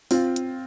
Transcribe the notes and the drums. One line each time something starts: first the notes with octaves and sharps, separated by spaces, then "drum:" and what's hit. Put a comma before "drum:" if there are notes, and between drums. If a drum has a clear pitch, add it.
C4 F4, drum: open hi-hat
drum: hi-hat